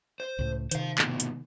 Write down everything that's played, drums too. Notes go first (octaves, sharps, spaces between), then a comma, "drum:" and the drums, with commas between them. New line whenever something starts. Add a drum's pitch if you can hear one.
C5
C#2 A2
C3 D#3 C5 F5, drum: hi-hat
G#2 B2, drum: clap
drum: hi-hat